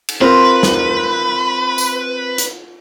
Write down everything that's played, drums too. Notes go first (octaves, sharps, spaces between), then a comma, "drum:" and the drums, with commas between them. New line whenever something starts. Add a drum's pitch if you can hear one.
drum: cymbal
C4 F4 A#4 B4
drum: snare
drum: tambourine
drum: hi-hat